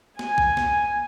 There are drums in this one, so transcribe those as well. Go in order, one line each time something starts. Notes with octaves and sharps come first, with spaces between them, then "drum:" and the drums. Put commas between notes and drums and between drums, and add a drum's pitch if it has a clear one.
G#5, drum: snare
drum: kick
drum: snare